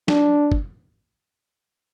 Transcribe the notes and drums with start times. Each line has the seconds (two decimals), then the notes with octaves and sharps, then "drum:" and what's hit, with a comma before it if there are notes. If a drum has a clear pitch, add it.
0.08 D4, drum: snare
0.52 drum: kick